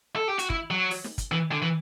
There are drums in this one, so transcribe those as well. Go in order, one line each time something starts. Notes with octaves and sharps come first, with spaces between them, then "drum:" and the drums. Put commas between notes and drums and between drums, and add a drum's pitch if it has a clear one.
A4
G4
F#4, drum: hi-hat
E4, drum: kick
F#3
drum: open hi-hat
drum: snare
drum: kick, hi-hat
E3
D3
E3